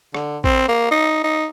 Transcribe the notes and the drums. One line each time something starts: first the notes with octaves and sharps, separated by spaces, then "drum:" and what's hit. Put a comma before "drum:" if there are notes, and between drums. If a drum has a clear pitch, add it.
D3, drum: rim click
C4, drum: kick A1
A#3
D#4
D#4